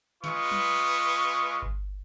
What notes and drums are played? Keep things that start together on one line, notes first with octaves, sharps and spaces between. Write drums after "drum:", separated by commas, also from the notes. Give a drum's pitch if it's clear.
G#3 F4 B4 C#6 D#6, drum: snare
drum: tom F#3
drum: kick G1